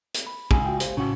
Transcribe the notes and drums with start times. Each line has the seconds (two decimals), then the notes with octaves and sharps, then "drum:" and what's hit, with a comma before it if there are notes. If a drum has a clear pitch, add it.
0.14 drum: hi-hat
0.27 B5
0.51 C#2 G#4, drum: kick
0.66 F#4 G5
0.80 G4 C5 F5, drum: hi-hat
0.97 A2 C#3 F#4